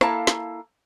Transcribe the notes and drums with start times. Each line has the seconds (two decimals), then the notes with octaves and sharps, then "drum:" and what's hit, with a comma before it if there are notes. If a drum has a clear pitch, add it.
0.01 A#3 E4 A4 F5 A5 A#5, drum: rim click
0.27 drum: snare